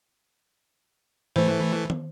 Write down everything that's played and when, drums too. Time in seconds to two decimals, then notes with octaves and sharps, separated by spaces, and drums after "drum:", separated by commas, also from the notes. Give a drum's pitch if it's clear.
1.36 E3 A3 C5, drum: tom G#2
1.90 drum: tom